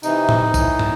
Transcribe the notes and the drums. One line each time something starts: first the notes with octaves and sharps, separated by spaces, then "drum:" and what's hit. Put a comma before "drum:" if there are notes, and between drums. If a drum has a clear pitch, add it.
C3 E3 D#4, drum: tambourine
drum: tom A2
A2 E3, drum: kick, tambourine
drum: tom